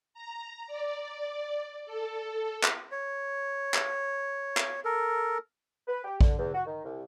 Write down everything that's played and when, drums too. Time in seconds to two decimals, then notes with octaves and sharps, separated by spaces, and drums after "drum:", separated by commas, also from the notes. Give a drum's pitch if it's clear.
0.14 A#5
0.67 D5
1.86 A4
2.64 drum: clap
2.92 C#5
3.74 drum: clap
4.57 drum: clap
4.85 A4 A#4
5.87 B4
6.04 G4
6.21 D3, drum: kick A1
6.38 E2
6.54 F#4
6.66 D#3
6.84 C2